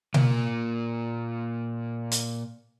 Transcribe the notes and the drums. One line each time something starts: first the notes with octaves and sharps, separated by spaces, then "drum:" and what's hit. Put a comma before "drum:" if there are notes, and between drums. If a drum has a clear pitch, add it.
A#2 A#3, drum: tom B2
drum: hi-hat